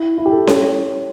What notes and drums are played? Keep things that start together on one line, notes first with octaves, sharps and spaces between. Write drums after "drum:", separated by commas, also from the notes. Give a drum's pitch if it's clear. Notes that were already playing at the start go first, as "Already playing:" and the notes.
Already playing: E4
E4
G4
A4
C#5, drum: snare C#4